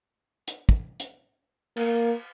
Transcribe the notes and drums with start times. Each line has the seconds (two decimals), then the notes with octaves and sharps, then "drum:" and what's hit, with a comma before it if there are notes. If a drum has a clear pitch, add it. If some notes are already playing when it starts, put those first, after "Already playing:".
0.48 drum: hi-hat
0.69 drum: kick
1.00 drum: hi-hat
1.76 A#3, drum: cymbal